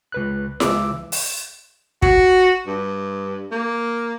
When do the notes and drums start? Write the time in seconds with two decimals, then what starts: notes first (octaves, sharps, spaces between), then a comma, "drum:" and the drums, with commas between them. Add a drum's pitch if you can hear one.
0.12 C#2 B4 F#6
0.60 C#2 E3 D6 E6, drum: snare E4
1.12 drum: open hi-hat
2.02 F#4, drum: kick
2.67 G2
3.51 A#3